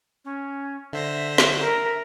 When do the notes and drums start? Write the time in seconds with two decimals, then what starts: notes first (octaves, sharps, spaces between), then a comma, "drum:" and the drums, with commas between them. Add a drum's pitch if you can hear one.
0.25 C#4
0.93 D3 C5 E5 A#6
1.38 drum: snare
1.62 A#4